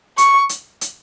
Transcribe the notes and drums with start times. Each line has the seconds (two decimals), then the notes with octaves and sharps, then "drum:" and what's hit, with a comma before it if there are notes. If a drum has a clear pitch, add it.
0.18 C#6, drum: hi-hat
0.49 drum: hi-hat
0.81 drum: hi-hat